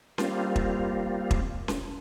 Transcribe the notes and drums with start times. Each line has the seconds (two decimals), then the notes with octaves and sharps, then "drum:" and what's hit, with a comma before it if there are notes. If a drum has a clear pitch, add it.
0.18 G3 A#3 C4 F4, drum: snare C#4
0.56 drum: kick
1.31 drum: kick
1.68 drum: snare C#4